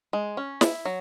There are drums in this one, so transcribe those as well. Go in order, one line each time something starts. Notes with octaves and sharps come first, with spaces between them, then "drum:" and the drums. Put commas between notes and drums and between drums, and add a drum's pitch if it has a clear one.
G#3
C#4
E4, drum: snare
F#3